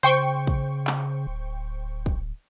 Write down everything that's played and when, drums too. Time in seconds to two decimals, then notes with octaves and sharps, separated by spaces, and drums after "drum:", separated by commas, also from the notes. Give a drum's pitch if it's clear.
0.03 C#3 C5 G5 C#6
0.47 drum: kick
0.87 drum: clap
1.27 D1
2.06 drum: kick